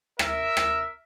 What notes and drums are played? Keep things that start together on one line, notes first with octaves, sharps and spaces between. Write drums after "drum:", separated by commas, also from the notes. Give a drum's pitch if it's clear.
A#4 E5, drum: rim click
drum: rim click